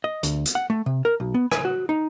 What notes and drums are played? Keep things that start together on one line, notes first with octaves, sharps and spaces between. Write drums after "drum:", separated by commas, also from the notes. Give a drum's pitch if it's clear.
D#5
D2, drum: hi-hat
drum: hi-hat
F#5
A3
C3
A#4
B1
B3
G#5, drum: rim click
F#4
D#4